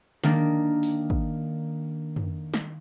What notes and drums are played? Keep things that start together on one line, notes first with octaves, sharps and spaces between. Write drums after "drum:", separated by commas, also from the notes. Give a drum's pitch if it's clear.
D#3 A#3 D4, drum: snare
drum: open hi-hat
drum: kick
drum: tom
drum: snare